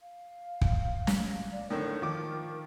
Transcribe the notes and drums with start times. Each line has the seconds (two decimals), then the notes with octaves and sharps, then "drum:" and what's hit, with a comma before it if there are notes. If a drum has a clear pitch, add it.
0.01 F5
0.61 drum: kick
1.07 drum: snare
1.52 D5
1.70 A2 D3 D#3 A#4
2.02 D#3 F3 D6